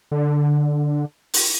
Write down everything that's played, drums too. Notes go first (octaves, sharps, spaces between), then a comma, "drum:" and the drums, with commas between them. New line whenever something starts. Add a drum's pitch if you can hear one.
D3
drum: open hi-hat